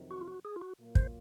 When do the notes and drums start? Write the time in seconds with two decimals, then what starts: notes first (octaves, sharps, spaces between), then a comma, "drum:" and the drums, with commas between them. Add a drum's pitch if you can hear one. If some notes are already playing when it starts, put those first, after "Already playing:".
Already playing: F2 C3 D#3 F#3
0.11 F#4
0.21 F4
0.28 F#4
0.45 G#4
0.56 F4
0.61 F#4
0.78 A#2 F#3 A#3 F4 A#4
0.95 C5, drum: kick